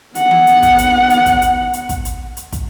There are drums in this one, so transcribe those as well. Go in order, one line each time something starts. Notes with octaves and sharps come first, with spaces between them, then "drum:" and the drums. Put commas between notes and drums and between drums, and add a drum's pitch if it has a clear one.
B3 F#5, drum: hi-hat
drum: tom E3
drum: hi-hat
drum: kick, hi-hat
drum: hi-hat
drum: hi-hat
drum: kick, hi-hat
drum: hi-hat
drum: hi-hat
drum: kick, hi-hat
drum: hi-hat
drum: hi-hat
drum: kick, hi-hat